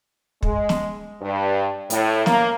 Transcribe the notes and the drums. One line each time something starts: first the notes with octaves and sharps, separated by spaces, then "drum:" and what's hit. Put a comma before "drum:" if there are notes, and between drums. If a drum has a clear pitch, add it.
G#3, drum: kick
drum: snare
G2
A2, drum: hi-hat
A#3, drum: snare